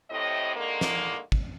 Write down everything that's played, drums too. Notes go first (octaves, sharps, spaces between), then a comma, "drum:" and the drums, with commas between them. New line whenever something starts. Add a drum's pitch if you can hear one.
A2 C3 D#5
D3 D#3 G#3 A#3
drum: snare
drum: kick